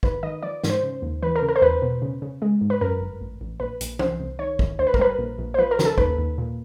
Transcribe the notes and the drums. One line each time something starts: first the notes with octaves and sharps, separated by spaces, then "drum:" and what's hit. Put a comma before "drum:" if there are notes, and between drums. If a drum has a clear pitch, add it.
D#3 B4, drum: kick
D#3 D#5
F3 D5
G#2, drum: snare
C5
C#3
D#2
E3 B4
A#4
C#3
A#4
C5
E2 B4
B2
C#3
C#3
G#3
G#2
B4
F#2 A#4
G1
A1
A1
A#1 B4
A#1, drum: hi-hat
C2 C5, drum: tom
C2
D#3 C#5
D#3, drum: kick
D2 C5
B4
A#4, drum: kick
G3 B4
A#1
A#1
C5
F3 B4
A#4
C#3, drum: snare
A4
D#2 B4, drum: kick
D#2
A#2